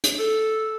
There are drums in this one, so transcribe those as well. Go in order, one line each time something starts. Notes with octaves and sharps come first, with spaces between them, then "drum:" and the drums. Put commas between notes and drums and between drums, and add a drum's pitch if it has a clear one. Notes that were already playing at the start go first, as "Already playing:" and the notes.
drum: hi-hat
A4